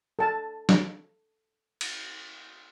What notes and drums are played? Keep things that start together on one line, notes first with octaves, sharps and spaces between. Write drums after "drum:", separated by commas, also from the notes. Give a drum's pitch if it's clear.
A4 A5
drum: snare
drum: cymbal